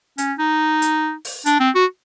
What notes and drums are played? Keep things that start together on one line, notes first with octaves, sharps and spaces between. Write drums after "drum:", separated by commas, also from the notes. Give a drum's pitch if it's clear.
C#4, drum: hi-hat
D#4
drum: hi-hat
drum: open hi-hat
D4, drum: hi-hat
C4
F#4